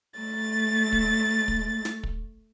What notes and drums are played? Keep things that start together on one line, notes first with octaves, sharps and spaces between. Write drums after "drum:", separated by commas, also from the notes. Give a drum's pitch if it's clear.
A3 A6
drum: kick
drum: kick
drum: snare
drum: kick